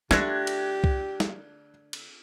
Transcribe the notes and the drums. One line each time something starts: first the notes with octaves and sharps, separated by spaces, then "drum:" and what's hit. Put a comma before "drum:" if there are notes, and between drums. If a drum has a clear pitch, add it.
D3 A3 D4 F4 G4 F#6 G#6 A#6, drum: snare
drum: cymbal
drum: kick C2
drum: snare
drum: cymbal